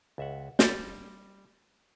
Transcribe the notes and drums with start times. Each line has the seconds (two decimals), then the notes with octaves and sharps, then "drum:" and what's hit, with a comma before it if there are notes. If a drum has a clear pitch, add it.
0.18 C#2 E5 F#5
0.59 G3 G6 A6, drum: snare